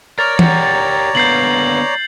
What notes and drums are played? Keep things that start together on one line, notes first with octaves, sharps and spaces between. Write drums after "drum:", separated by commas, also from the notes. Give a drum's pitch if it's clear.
A#4 C#5 D5 A#5 A6
G4 A#4 F#5, drum: tom E3
D3 A#3 B3 G6 C7 F#7